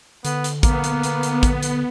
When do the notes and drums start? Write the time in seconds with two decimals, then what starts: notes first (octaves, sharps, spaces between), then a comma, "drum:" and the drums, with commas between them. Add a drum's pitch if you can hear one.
0.25 D3 B3, drum: hi-hat
0.44 drum: hi-hat
0.63 A#3 B3, drum: kick, hi-hat
0.84 drum: hi-hat
1.03 drum: hi-hat
1.23 drum: hi-hat
1.43 drum: kick, hi-hat
1.63 drum: hi-hat